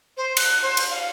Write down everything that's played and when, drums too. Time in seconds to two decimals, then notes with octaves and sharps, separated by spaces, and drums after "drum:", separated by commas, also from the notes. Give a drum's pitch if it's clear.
0.17 C5
0.37 F#6, drum: cymbal
0.63 C5
0.77 drum: cymbal
0.90 F5